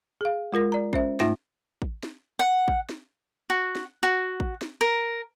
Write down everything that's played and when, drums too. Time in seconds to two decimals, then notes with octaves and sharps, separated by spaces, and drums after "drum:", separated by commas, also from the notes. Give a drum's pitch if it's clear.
0.21 G#4 F5
0.53 G#3 F4 A#4 A#6
0.72 D5 A#5
0.93 C#4 C5 E5, drum: kick
1.20 G#2 A3 D#4 F4 E5 A#6, drum: snare
1.82 drum: kick
2.03 drum: snare
2.39 F#5
2.68 drum: kick
2.89 drum: snare
3.50 F#4
3.75 drum: snare
4.03 F#4
4.40 drum: kick
4.61 drum: snare
4.81 A#4